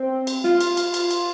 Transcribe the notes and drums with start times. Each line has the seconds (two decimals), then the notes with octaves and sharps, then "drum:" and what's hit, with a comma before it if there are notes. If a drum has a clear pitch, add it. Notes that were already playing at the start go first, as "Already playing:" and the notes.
Already playing: C4
0.27 drum: cymbal
0.44 F4, drum: snare
0.61 drum: cymbal
0.77 drum: cymbal
0.94 drum: cymbal
1.11 drum: cymbal